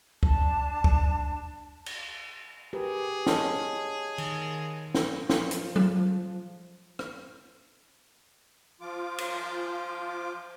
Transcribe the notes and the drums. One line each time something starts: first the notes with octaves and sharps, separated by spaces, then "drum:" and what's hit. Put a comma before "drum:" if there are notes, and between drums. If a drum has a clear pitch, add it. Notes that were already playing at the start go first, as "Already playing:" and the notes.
D4 A5, drum: kick D2
drum: kick D2
drum: cymbal
G4 G#4 A#4 B4
C#5 D#5 A5, drum: snare
D#3, drum: cymbal
drum: snare
F3, drum: snare
drum: hi-hat
drum: tom F#3
drum: rim click
F3 F4 D6
drum: cymbal